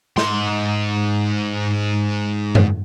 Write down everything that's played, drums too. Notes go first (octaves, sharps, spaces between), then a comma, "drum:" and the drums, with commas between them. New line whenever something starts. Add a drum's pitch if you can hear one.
G#2 C6, drum: snare
drum: tom F#2